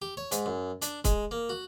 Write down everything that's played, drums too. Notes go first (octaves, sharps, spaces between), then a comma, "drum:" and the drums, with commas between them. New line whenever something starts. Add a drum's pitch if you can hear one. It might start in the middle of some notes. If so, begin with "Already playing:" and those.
G4
C#5
G#2, drum: hi-hat
F#2
D4, drum: hi-hat
G#3, drum: kick, hi-hat
A#3
F#4